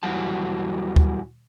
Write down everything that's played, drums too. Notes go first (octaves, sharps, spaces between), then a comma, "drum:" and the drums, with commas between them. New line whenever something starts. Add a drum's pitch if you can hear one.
E2 E3 F#3 G3 F#4 A5
drum: kick